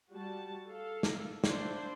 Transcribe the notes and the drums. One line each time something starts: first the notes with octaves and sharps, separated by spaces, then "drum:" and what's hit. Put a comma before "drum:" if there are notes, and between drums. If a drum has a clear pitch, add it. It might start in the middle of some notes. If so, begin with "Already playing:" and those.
G3 F#4 A5
A4 F5
drum: snare
A#3 D4 E4 C5, drum: snare